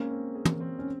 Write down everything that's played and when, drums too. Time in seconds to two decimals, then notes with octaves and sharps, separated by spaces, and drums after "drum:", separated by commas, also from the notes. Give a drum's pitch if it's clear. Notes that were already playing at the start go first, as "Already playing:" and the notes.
Already playing: G#3 A#3 C4 C#4
0.11 C4
0.35 G#4
0.45 drum: tom
0.60 C4
0.79 C#4